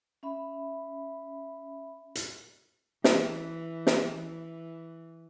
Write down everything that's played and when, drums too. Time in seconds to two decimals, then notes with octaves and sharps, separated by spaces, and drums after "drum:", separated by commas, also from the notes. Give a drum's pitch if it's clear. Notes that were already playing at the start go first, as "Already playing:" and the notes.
0.23 C#4 E5 B5
2.15 drum: hi-hat
3.04 E3, drum: snare
3.87 drum: snare
4.14 E3